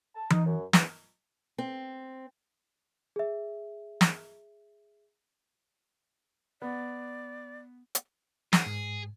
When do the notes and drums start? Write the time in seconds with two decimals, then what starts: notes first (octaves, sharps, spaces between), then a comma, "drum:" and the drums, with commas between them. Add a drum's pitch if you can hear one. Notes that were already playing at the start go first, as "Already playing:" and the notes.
0.15 A5
0.30 D#4, drum: tom E3
0.45 F#2
0.73 E2, drum: snare
1.58 C4
3.16 G#4 E5
4.01 drum: snare
6.62 B3 D5
7.95 drum: hi-hat
8.53 G#4 F#5, drum: snare
8.66 G#2